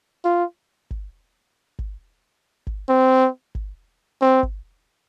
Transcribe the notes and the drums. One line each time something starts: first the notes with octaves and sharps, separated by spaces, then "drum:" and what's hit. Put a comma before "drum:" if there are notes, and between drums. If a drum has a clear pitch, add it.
F4
drum: kick G1
drum: kick G1
drum: kick G1
C4
drum: kick G1
C4
drum: kick G1